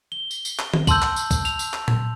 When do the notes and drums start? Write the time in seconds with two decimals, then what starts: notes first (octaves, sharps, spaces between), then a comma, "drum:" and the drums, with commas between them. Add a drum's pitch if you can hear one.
0.12 G7
0.31 drum: tambourine
0.45 drum: tambourine
0.59 drum: clap
0.74 drum: tom D#3
0.87 A5 C6 E6 G6 F#7, drum: kick C2, tambourine
1.02 drum: clap
1.16 drum: tambourine
1.31 drum: kick C2, tambourine
1.45 F7, drum: tambourine
1.59 drum: tambourine
1.74 drum: clap
1.88 drum: tom A#2